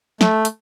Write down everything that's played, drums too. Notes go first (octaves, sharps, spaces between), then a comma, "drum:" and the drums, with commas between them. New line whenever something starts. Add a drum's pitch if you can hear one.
A3, drum: snare
drum: hi-hat